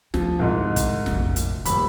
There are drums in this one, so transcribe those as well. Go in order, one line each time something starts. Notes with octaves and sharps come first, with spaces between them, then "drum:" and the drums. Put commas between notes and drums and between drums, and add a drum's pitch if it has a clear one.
D2 F3, drum: snare
C2 G#2
drum: kick, hi-hat
F1 A#1, drum: snare
drum: hi-hat
D#1 F#2 F3 B5, drum: hi-hat